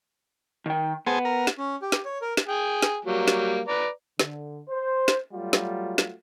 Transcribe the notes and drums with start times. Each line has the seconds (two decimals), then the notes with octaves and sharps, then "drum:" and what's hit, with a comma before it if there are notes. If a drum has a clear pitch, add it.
0.66 D#3 G5
1.07 B3 G#4 C5 A5
1.25 A#4
1.47 drum: snare
1.58 C#4
1.82 G4
1.92 drum: snare
2.05 C#5
2.22 A#4
2.37 drum: snare
2.48 G#4 G5 G#5
2.82 drum: snare
3.05 F#3 G3 A#3
3.28 drum: snare
3.68 B4 D5 A#5
4.19 D3, drum: snare
4.69 C5
5.08 drum: snare
5.33 F#3 G3 A3 F4 F#4
5.53 drum: snare
5.98 drum: snare